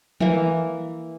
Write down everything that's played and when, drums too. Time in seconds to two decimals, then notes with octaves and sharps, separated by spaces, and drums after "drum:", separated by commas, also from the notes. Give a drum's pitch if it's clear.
0.20 E3 A#3, drum: tom E3